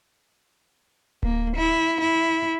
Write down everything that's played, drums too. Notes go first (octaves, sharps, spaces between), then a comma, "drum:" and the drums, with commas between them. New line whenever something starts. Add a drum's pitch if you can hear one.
A#3, drum: kick D1
E4
E4